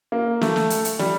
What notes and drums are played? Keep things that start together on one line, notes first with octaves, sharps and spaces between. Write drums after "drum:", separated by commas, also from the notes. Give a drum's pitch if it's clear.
A#3
A3, drum: snare
drum: snare
drum: hi-hat
drum: hi-hat
G3, drum: snare